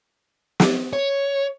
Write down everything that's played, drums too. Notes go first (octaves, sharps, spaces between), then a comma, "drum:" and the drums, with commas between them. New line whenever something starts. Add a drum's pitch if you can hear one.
drum: snare
C#5